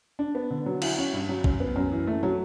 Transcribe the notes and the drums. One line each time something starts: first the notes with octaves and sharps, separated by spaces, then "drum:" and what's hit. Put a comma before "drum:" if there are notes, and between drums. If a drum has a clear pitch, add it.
D4
B3
D3
F#3
E4, drum: cymbal
C#4
G2
F#3
F#2, drum: kick
B3
F#2
E3
A3
F#3